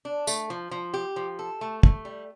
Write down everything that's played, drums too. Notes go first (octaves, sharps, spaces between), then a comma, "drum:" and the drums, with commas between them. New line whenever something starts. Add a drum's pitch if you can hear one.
D4
A3, drum: tambourine
F3
F3
G4
F3
A4
A3
A3, drum: kick
G3